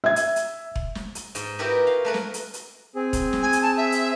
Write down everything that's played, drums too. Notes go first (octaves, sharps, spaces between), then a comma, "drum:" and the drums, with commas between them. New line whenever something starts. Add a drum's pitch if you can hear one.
E5 G#6
drum: hi-hat
drum: hi-hat
drum: kick E1
drum: snare
drum: hi-hat
G#2, drum: hi-hat
D#4 E4 F#4 G4 A#4 B4
F5
A3 A#4 B4 F#5
drum: snare
drum: hi-hat
drum: hi-hat
C4 G#4
drum: kick E1, hi-hat
drum: snare
G#5
drum: hi-hat
A5
E5
drum: hi-hat